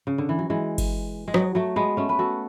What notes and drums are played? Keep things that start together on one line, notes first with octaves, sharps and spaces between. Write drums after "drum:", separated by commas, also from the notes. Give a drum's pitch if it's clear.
C#3
D3
E3
F#3
E3 G#3
drum: kick G1, cymbal
G#3
F#3, drum: rim click
F#3 A3
G#3 B3
A3 C#4
B4
F#4 A4